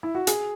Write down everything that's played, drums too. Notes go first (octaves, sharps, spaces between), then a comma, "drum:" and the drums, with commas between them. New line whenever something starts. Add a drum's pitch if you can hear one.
E4
F#4
G#4, drum: hi-hat